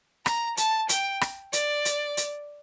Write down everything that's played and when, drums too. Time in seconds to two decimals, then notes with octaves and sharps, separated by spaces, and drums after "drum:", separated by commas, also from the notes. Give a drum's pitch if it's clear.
0.26 A#5, drum: rim click
0.57 A5, drum: hi-hat
0.89 G5, drum: hi-hat
1.21 drum: rim click
1.53 D5, drum: hi-hat
1.85 drum: hi-hat
2.17 drum: hi-hat